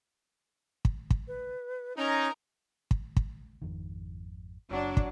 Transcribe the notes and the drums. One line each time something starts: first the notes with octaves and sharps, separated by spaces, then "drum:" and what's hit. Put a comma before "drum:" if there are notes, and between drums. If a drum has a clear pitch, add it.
drum: kick
drum: kick
B4
C#4 D#4 A#4 A#5
drum: kick
drum: kick
G#1 F2 D#3
F#1 F#3 D4
drum: kick